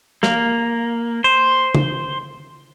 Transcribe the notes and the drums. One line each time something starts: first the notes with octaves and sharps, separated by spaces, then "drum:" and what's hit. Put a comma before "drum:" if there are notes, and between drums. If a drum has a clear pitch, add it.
A#3, drum: snare
C5
drum: tom C#3